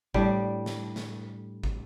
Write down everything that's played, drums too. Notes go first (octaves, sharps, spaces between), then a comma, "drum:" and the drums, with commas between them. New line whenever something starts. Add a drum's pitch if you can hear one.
A2 G3 D4 G4, drum: kick
drum: snare
drum: snare
drum: kick